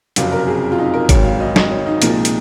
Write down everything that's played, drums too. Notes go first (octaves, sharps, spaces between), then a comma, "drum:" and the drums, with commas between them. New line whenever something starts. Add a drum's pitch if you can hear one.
F#1 F2 C3 F#3 F5, drum: hi-hat
A#4
G#4
F4
D#4
A#4
G#1 G#2 F#3 C#5, drum: kick, hi-hat
F5
D#5
D#5, drum: snare
C#5
D#4
C2 A#2 F3 G#3 D#4, drum: hi-hat
drum: hi-hat